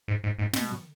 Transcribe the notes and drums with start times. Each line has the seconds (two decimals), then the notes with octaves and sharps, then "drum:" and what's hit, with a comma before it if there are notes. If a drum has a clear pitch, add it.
0.08 G#2
0.24 G#2
0.39 G#2
0.53 B2, drum: snare